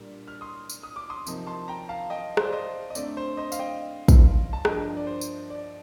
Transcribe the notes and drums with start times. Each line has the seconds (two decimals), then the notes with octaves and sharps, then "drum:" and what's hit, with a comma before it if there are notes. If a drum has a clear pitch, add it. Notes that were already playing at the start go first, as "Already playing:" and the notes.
Already playing: A#2 G3 A#3 D4
0.28 F6
0.41 C6 D#6
0.69 drum: tambourine
0.83 D#6
0.96 D6
1.10 C6 D#6
1.27 C3 F3 A#3 D#4, drum: tambourine
1.47 A5 C6
1.68 G5 A#5
1.89 F5 A5
2.10 D#5 G5
2.37 C5, drum: rim click
2.45 D5
2.53 C5 D#5
2.90 D#5
2.95 D3 A3 C4 D5, drum: tambourine
3.17 C5
3.37 C5 D#5
3.52 F5, drum: tambourine
3.59 D#5 G5
4.08 drum: kick, tambourine
4.53 A5
4.65 G2 F3 A#3 D4 D#5 G5, drum: rim click
4.97 D5
5.07 C5
5.21 drum: tambourine
5.50 D5